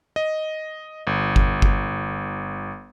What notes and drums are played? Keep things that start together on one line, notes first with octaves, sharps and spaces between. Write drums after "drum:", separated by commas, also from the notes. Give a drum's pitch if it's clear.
D#5
G1
drum: kick G1
drum: kick G1